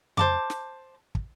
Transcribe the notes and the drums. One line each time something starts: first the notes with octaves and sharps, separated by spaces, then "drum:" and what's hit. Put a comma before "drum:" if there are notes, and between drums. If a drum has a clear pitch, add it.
C5 A5 D6, drum: tom F2
drum: snare
drum: kick